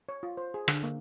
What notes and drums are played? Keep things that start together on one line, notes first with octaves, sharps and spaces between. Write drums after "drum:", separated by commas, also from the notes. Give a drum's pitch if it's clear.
C#5
F4
C5
G#4
D3, drum: rim click
A#3